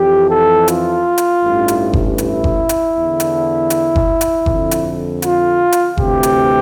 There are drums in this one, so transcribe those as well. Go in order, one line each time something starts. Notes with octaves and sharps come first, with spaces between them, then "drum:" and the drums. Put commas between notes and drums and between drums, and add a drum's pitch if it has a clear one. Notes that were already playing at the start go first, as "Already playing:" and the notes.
Already playing: F2 E3 G4
A4
F4, drum: hi-hat
drum: hi-hat
A1 G2 E3
drum: hi-hat
drum: kick F#1
E4, drum: hi-hat
drum: kick F#1
drum: hi-hat
E2 D3
drum: hi-hat
drum: hi-hat
drum: kick F#1
drum: hi-hat
F2 D3, drum: kick F#1
drum: hi-hat
F4, drum: hi-hat
drum: hi-hat
D2 C3 E3 G4, drum: kick F#1
drum: hi-hat